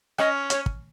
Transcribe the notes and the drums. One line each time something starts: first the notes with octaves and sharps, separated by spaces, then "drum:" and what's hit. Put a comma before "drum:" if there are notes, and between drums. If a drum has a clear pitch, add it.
C#4 D#5, drum: rim click
C#5, drum: hi-hat
drum: kick